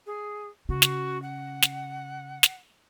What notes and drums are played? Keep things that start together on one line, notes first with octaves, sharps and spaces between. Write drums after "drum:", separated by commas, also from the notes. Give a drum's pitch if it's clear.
G#4
C#3 F#4
drum: snare
F#5
drum: snare
drum: snare